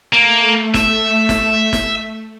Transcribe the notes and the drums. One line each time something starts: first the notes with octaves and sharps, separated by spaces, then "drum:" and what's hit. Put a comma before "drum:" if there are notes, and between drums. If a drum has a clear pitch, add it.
A3 A#3
E5, drum: snare
drum: snare
drum: snare